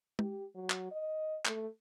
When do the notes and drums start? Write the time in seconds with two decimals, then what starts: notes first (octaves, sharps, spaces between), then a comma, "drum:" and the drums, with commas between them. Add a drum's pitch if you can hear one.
0.19 G4, drum: tom G#3
0.55 F#3
0.70 drum: clap
0.91 D#5
1.45 A3, drum: clap